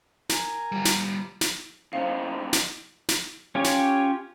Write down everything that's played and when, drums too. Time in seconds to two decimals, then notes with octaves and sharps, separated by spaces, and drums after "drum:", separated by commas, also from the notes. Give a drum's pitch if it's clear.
0.29 A#4 G#5 A#5, drum: snare
0.72 G3 F4
0.85 drum: snare
1.41 drum: snare
1.93 F2 C#3 D#4 E4 C5 F5
2.53 drum: snare
3.09 drum: snare
3.55 C#4 F4 G4 C#5
3.64 drum: snare